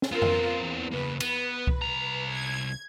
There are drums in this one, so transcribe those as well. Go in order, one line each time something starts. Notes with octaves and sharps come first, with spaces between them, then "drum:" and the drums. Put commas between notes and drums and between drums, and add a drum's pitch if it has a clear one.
drum: snare
B3 C4 F4 A#4
drum: tom F2
E2
C#3 A#3 B4
B3 B4, drum: cymbal
drum: kick C2
C2 A#5
G#6